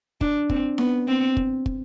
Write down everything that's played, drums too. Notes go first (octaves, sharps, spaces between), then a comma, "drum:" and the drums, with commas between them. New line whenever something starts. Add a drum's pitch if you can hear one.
D4, drum: kick
C4, drum: kick
B3, drum: snare D#4
C4
drum: kick
drum: kick